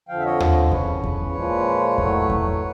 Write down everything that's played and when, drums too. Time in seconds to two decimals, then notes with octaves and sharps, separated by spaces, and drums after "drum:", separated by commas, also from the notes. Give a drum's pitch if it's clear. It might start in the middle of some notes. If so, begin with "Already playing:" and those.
0.08 F2 D3 F3 F5 G5
0.19 E5
0.25 C#5 D#5
0.40 drum: tom D#2
0.72 E2 C#3 E3 B4 C#5, drum: kick E2
1.03 drum: kick E2
1.35 A#2 F3 G#3
1.98 A2 F#3 A3, drum: kick E2
2.30 drum: kick E2